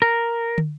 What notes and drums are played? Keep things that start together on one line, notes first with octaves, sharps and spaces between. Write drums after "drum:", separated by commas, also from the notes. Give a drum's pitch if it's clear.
A#4
drum: tom